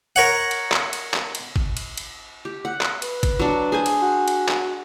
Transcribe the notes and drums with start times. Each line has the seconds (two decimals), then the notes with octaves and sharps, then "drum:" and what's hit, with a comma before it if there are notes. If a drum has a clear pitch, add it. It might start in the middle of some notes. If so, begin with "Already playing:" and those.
0.16 A#4 C#5 F#5
0.51 drum: cymbal
0.72 drum: clap
0.93 drum: cymbal
1.14 drum: clap
1.35 drum: cymbal
1.56 drum: kick
1.77 drum: cymbal
1.98 drum: cymbal
2.45 G4
2.65 F#5
2.81 drum: clap
3.02 B4, drum: cymbal
3.23 drum: kick, cymbal
3.39 F#3 D4
3.72 G#4 C5 G#5
3.86 drum: cymbal
4.02 F#4
4.28 drum: cymbal
4.49 drum: clap